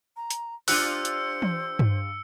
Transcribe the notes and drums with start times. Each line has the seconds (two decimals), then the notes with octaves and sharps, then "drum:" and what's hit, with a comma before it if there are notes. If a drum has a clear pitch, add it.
0.17 A#5
0.30 drum: hi-hat
0.68 D4 F4 G4 C5 E6 F#6 C#7, drum: open hi-hat
1.05 drum: hi-hat
1.42 drum: tom E3
1.79 drum: tom G2